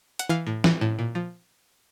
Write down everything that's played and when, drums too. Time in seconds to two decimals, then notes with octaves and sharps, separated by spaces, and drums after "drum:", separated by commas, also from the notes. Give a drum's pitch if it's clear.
0.19 F#5, drum: hi-hat
0.29 E3 F5
0.47 A2
0.64 E3, drum: snare
0.81 A2
0.99 A#2
1.15 F3